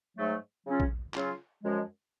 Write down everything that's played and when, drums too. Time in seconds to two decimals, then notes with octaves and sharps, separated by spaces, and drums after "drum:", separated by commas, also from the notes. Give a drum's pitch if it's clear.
0.17 G#2 F#3 A3
0.65 C#3 F#3 C#4 F4
0.80 drum: kick A#1
1.14 C#3 F#3 C#4 F4, drum: clap
1.63 F#2 F3 G#3